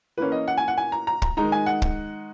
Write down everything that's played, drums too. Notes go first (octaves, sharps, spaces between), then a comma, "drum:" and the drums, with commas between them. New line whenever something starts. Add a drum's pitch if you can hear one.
E3 A#3 C#4 B4
D#5
F#5
G#5
F#5
G#5
A#5
A#5
A#5, drum: kick
D#3 G#3 D#4 A#5
G#5
F#5
drum: kick